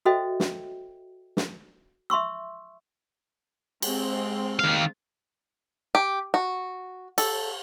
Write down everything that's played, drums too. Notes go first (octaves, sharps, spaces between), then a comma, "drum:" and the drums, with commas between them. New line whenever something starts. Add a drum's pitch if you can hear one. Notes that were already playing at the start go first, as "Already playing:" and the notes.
F#4 A4 C5 D#5 E5 G5
drum: snare
drum: snare
E5 C6 C#6 E6
G#3 C4, drum: cymbal
D#3 F5
G4
F#4
A4, drum: cymbal